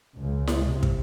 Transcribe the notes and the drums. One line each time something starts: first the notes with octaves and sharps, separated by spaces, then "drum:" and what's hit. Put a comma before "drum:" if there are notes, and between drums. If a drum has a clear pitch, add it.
C#2
drum: snare E4
C3
drum: kick